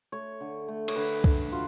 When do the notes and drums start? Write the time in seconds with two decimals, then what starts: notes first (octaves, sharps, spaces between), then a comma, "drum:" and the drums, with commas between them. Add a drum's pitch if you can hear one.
0.12 A3 C#5
0.40 D3
0.68 A3
0.88 C#5, drum: cymbal
0.96 D3 B4
1.24 D3, drum: kick C2
1.52 F#3 F4